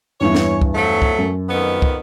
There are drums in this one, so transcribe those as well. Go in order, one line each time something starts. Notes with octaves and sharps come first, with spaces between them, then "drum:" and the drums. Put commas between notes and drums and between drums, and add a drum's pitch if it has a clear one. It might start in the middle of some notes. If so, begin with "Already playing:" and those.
E2 G2 E3 C#5
drum: snare
drum: kick
F3 F#3 A3
drum: kick
F#2
F2 D#3 B3
drum: kick